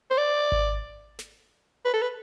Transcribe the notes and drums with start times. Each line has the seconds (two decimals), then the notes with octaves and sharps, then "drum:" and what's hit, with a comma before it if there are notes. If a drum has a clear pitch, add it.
0.11 C5
0.18 D5
0.52 drum: kick G#1
1.19 drum: snare
1.85 B4
1.94 A4
2.02 B4